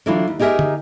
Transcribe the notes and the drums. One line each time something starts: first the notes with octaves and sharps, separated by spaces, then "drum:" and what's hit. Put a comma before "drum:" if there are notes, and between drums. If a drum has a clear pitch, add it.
D3 E3 F#3 D4 E4 F4
D#2
D#4 G4 G#4 A#4 E5
drum: tom